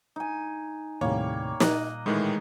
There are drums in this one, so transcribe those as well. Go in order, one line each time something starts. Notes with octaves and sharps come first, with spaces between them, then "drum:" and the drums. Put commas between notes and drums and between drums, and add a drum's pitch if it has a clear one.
D#4 G#5
D#2 A2 C3 G3 A#3 C#5
A#2 D#5 A#5 F#6, drum: snare
A2 D#3 E3 G#3 D#4